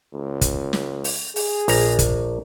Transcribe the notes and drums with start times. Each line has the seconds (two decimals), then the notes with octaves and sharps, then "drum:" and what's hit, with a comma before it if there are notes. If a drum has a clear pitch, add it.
0.15 C#2
0.41 drum: kick, hi-hat
0.73 drum: snare
1.04 drum: open hi-hat
1.36 G#4, drum: open hi-hat
1.68 A#1 A#5, drum: open hi-hat
1.99 drum: kick, hi-hat